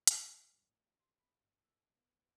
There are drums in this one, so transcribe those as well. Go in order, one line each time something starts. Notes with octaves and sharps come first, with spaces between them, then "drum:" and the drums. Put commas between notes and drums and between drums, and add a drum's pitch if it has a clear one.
drum: hi-hat
A#2
E5
G2
A2
C6
B5
G1
E6
B3